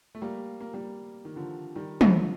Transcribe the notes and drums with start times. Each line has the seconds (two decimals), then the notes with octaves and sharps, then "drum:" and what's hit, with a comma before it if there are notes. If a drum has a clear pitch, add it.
0.15 A3
0.22 G3 A#3
0.60 A#3
0.74 G3 A#3
1.25 D#3
1.36 D3 F3
1.76 D#3 G3
2.01 D3 F3, drum: tom